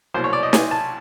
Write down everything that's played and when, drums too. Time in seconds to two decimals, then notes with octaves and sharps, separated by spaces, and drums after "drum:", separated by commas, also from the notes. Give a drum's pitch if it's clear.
0.14 C2 B2 F#3 A#3 C5
0.24 C#5
0.33 D5
0.43 D#5
0.53 G#5, drum: snare
0.71 A5